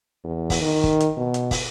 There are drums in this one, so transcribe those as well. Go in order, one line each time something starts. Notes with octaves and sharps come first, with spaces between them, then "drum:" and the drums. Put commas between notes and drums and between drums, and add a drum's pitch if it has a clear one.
E2
drum: kick, open hi-hat
D#3
drum: kick
drum: hi-hat
B2
drum: hi-hat
drum: kick, open hi-hat